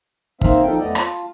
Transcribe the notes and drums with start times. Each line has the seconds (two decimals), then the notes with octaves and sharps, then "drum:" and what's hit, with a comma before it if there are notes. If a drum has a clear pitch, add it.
0.41 A#3 C4 D#4 C5 E5 F5, drum: kick
0.64 F3 D#4 A4 G5
0.79 F2 A3 B3 D5 D#5
0.95 F4 A5, drum: rim click